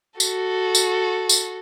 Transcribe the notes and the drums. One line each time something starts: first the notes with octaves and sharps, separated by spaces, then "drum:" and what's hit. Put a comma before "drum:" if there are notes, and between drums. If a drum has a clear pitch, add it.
F#4 A4, drum: tambourine
drum: tambourine
drum: tambourine